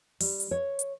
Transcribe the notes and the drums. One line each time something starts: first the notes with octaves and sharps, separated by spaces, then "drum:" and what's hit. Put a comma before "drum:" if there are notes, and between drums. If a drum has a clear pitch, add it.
G3, drum: open hi-hat
drum: hi-hat
C#5
drum: hi-hat